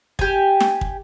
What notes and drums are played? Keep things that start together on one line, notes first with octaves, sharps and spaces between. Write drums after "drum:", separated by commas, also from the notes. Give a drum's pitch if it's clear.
G4 G#5, drum: kick
drum: snare
drum: kick